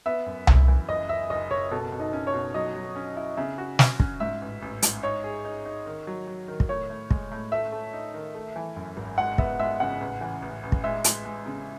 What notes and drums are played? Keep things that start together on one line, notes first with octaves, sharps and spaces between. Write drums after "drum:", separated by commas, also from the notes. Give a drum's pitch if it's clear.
B3 E5
F#2
F#2, drum: tom C2
E3
F#1 D#5
F#1 E5
F#1 D#5
F#1 C#5
B2 A4
B2
D#4
C#4
C#5
B2
F#3 D#5
F#3
C#4
E4
C#3 E5
F#4
C#4, drum: snare
C#4, drum: kick
G#2 E5
A1
A1
G#2, drum: hi-hat
D#4 C#5
G#4
D#4
D#4
D#3
F#3
F#3
D#3
drum: kick
A2 C#5
A2
G#3, drum: kick
A2
A3 E5
A3
D#4
D#3
A3
E3
F#2
G#1
G#3 F#5
B3 E5, drum: kick
G#3 E5
C#3 F#5
A1
E3
A1
A1
drum: kick
G#3 E5
G#3, drum: hi-hat
G#3
C#3